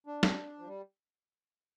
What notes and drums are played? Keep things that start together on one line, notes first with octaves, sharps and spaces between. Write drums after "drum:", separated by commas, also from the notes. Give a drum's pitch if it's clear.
D4
drum: snare
F3
G3